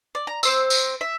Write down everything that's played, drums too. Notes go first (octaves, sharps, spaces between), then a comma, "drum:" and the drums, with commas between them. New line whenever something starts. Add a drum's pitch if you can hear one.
D5
A#5
C4 C5 E6, drum: tambourine
drum: tambourine
E5